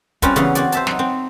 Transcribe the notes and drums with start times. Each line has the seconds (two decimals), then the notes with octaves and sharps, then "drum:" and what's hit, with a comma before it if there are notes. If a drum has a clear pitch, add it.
0.22 G3 C4 C#4 F4 B4 A#5, drum: kick, hi-hat
0.36 C#3 E3 B3, drum: hi-hat
0.55 C4 F#4 D5, drum: hi-hat
0.72 C5 E5 A5, drum: hi-hat
0.87 F#3 D#4, drum: snare
0.99 C4